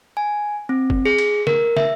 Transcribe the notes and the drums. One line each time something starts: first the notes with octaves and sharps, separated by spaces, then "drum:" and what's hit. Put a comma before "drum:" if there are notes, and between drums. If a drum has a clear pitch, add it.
G#5
C4
drum: kick
G#4
drum: cymbal
A#4, drum: snare
E5, drum: snare